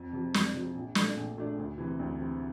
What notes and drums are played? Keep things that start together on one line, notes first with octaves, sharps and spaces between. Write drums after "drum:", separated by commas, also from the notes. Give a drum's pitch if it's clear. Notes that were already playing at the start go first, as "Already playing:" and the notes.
Already playing: F2
C3 F3
F2, drum: snare
C3 F3
A#1
A#2 A3 D4, drum: snare
A#1
A#2 A3 D4
D2
C3 E3
D2
C3 E3